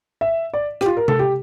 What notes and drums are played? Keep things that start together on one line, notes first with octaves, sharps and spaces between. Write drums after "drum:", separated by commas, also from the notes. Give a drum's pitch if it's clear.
E5
D5
G4, drum: rim click
F4
A#4
A4, drum: tom C3
G4